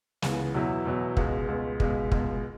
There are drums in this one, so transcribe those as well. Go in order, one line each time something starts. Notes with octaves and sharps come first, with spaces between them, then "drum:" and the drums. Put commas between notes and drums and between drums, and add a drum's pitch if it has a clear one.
C#2 C#3 E3 B3, drum: snare
E2 B2 F#3 E4
E2 B2 F#3 E4
C#2 B2 G#3, drum: kick
C#2 B2 G#3
C#2 B2 G#3, drum: kick
C#2 B2 G#3, drum: kick